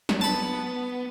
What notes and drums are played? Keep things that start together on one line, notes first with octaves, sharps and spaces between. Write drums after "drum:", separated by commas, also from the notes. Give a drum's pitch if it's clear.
drum: snare
B3 A5 B5